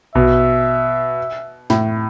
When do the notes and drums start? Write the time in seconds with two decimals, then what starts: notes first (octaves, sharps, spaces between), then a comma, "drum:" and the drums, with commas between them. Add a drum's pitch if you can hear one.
0.15 B2 E5, drum: kick A#1
1.70 A2, drum: snare